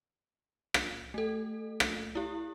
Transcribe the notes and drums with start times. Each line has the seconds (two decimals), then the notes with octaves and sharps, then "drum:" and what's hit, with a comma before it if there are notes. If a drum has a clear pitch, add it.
0.74 drum: rim click
1.14 A3 A4
1.80 drum: rim click
2.15 E4 G4